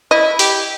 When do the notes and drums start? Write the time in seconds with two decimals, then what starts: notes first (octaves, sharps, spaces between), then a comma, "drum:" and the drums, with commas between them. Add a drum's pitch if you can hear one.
0.11 E4 D#5
0.39 G4, drum: open hi-hat